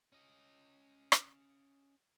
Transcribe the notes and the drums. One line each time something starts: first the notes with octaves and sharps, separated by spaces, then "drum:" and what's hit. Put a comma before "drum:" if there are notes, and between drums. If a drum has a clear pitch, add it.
C#4 D#5
drum: rim click